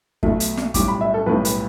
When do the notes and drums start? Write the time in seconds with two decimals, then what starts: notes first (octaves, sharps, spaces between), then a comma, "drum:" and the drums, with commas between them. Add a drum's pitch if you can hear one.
0.23 B1 B2 A3, drum: kick
0.40 drum: hi-hat
0.57 drum: snare
0.74 B1 A2 G3 D6, drum: kick, hi-hat
0.88 B5
1.01 E5
1.14 A4
1.26 B1 A2 G3 B4
1.45 B4, drum: hi-hat